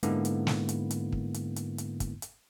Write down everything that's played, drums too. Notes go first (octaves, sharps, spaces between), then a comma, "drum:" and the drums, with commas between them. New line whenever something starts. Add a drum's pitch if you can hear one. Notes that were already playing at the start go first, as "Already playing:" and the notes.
G#2 D3 G#3 A#3 B3 E4, drum: hi-hat
drum: hi-hat
drum: snare
drum: hi-hat
drum: hi-hat
drum: kick
drum: hi-hat
drum: hi-hat
drum: hi-hat
drum: kick, hi-hat
drum: hi-hat